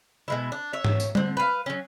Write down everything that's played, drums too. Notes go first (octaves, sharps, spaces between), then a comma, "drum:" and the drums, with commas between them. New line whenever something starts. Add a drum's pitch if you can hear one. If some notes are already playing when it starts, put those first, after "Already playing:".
B2 G#3 E4
D4
C#5 E5
drum: tom G#2
drum: tambourine
D3 C4, drum: tom G3
B4 F5
F#3 C#4